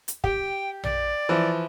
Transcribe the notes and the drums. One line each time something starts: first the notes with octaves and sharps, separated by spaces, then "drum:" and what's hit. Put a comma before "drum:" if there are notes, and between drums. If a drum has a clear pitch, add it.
drum: hi-hat
G4 G5, drum: kick
D5, drum: tom A#1
E3 F3